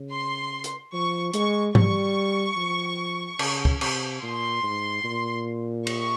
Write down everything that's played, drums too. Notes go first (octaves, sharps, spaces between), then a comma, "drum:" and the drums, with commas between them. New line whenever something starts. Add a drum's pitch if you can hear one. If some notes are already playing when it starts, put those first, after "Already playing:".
Already playing: C#3
C6
drum: hi-hat
F3 C#6
G#3 C#6, drum: hi-hat
G3 C#6, drum: tom G#2
F3
C#3, drum: cymbal
drum: kick
C3, drum: cymbal
A#2 C6
G#2
A#2
C#6, drum: cymbal